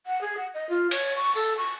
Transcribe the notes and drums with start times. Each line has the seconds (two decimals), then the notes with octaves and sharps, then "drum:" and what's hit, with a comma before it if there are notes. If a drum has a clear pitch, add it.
0.07 F#5
0.21 G#4
0.37 F#5
0.54 D#5
0.70 F4
0.91 C#5, drum: cymbal
1.16 C#6
1.35 A4, drum: tambourine
1.57 C#6